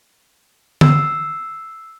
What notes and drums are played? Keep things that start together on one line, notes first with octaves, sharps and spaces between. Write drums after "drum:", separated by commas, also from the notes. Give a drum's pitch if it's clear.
E6 C7, drum: tom